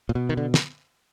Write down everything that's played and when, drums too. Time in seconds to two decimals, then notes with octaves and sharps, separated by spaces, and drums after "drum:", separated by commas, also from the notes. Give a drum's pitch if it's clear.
0.09 A#2
0.15 B2
0.29 D#3
0.37 D3
0.54 drum: snare